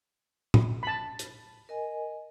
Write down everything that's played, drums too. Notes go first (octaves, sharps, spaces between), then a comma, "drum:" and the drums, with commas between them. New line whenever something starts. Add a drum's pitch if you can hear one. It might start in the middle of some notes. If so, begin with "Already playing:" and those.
drum: tom
A5 B5
drum: hi-hat
A#4 D#5 G#5